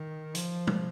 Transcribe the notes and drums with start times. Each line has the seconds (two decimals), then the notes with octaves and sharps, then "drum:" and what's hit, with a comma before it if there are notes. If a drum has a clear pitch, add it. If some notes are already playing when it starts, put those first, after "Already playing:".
Already playing: D#3
0.35 F3, drum: hi-hat
0.67 drum: tom